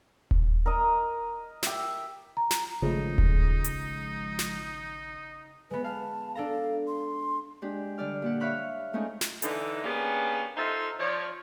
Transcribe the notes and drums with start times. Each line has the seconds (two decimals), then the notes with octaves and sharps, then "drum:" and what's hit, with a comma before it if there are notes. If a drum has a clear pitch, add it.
0.31 drum: kick D#1
0.66 A#4 D#5
1.63 G4 E5, drum: snare
2.37 A#5
2.51 drum: snare
2.82 G#1 C#3 F3 G#3 A3 D#4
3.18 drum: kick D#1
3.64 drum: hi-hat
4.39 drum: snare
5.71 G#3 B3 B4
5.84 F5 A5
6.35 D4 A4 F5 A#5
6.87 C6
7.62 G#3 D4 G4
7.98 D3 G3 D5 F6
8.22 A#2 G4 F#5
8.40 C#5 E5 F5 B5 F6 F#6
8.93 G#3 A3 C4 C#4 D#4 G#4
9.21 drum: snare
9.42 D3 E3 D#4, drum: hi-hat
9.84 A#3 B3 C#4 D4 G4 G#4
10.57 D#4 F4 A4 C5 D#5 E5
10.99 F3 C#5 D5